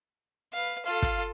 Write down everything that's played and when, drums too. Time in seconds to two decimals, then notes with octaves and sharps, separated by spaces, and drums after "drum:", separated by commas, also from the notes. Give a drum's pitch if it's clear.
0.53 B4 F5
0.85 F4 A4 F5
1.02 drum: kick, hi-hat